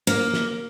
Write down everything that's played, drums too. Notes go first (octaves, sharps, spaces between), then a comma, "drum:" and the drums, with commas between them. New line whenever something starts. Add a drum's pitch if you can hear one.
A#3
drum: snare